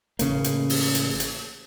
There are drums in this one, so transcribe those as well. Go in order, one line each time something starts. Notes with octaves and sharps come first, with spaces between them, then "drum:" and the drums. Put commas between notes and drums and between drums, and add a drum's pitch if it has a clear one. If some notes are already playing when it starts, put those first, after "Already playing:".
A1 C#3 A#3, drum: hi-hat
drum: hi-hat
drum: open hi-hat
drum: hi-hat
drum: hi-hat